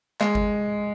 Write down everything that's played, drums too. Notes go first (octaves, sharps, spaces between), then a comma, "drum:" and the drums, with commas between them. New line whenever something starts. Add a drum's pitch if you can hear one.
G#3, drum: clap
drum: kick G1